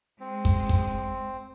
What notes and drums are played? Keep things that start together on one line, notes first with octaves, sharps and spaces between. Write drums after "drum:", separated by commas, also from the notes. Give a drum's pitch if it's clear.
G#3 C4
drum: kick
drum: kick